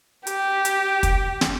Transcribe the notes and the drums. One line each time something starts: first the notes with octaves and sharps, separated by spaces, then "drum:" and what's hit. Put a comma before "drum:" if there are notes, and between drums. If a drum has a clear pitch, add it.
G4, drum: hi-hat
drum: hi-hat
drum: kick, hi-hat
drum: snare